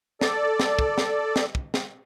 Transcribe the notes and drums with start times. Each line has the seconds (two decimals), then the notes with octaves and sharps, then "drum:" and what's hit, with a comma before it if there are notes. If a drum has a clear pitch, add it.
0.21 A4 D5, drum: snare
0.60 drum: snare
0.79 drum: kick
0.98 drum: snare
1.36 drum: snare
1.55 drum: kick
1.74 drum: snare